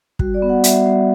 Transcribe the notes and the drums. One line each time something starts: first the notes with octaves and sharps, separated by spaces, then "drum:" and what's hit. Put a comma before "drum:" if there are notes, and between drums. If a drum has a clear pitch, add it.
G3 F#4, drum: kick
D5
B3
F#5
G3 E5, drum: hi-hat
G3